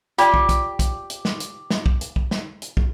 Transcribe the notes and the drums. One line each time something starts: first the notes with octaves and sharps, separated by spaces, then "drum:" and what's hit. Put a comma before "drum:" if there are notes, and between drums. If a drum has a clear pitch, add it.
F4 G4 D5, drum: hi-hat
drum: kick
drum: kick, hi-hat
drum: kick, hi-hat
drum: hi-hat
drum: snare
drum: hi-hat
drum: snare
drum: kick
drum: hi-hat
drum: kick
drum: snare
drum: hi-hat
drum: kick